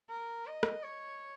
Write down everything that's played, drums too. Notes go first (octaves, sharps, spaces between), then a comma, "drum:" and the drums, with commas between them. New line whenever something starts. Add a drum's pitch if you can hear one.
A#4
D#5
drum: rim click
C#5